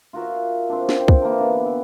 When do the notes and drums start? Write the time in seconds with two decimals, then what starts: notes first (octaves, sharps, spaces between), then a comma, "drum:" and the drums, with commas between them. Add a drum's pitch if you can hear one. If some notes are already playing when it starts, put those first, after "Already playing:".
0.13 F4 F#4 A#4 E5
0.69 C4 D4
0.89 drum: snare
0.99 C5 G5
1.08 drum: kick
1.22 D3 E3 A#3 D#4
1.38 B3 D4 G4
1.65 E4